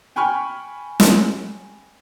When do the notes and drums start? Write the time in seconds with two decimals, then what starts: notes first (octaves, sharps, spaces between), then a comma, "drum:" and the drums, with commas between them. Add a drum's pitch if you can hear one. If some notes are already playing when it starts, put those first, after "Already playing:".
0.16 G5 G#5 B5 C#6 F6
1.00 drum: snare